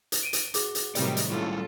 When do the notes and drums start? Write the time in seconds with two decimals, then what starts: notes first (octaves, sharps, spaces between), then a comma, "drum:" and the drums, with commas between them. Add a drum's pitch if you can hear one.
0.12 drum: hi-hat
0.23 D7 D#7
0.33 drum: hi-hat
0.54 F#4 G#4 D6, drum: hi-hat
0.75 drum: hi-hat
0.95 A2 C3 D#3 F#3 G3 G4 D5, drum: hi-hat
1.17 drum: hi-hat
1.31 F#3 G3 C#4 E4 F4 A4